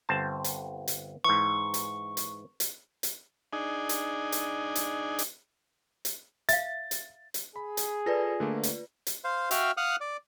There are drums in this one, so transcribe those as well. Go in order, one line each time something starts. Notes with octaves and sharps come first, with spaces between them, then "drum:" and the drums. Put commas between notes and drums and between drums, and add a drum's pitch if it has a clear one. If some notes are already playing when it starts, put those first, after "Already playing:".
G1 C4 A5
drum: hi-hat
drum: hi-hat
G#2 E3 C#6
drum: hi-hat
drum: hi-hat
drum: hi-hat
drum: hi-hat
D4 D#4 G#4
drum: hi-hat
drum: hi-hat
drum: hi-hat
drum: hi-hat
drum: hi-hat
E5 F5 A6, drum: hi-hat
drum: hi-hat
drum: hi-hat
G#4 B5
drum: hi-hat
F4 A4 B4 D5 A#6
D3 A3 A#3
drum: hi-hat
drum: hi-hat
C5 F5
F#4 E5 F5 G5 F6, drum: hi-hat
F5 F#5 D#6 F6 F#6
D5